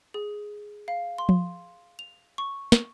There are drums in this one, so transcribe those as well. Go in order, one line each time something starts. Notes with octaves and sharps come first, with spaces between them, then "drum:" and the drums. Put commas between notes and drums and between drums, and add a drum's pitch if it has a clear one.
G#4
F5
C6
drum: tom F3
F7
C#6
drum: snare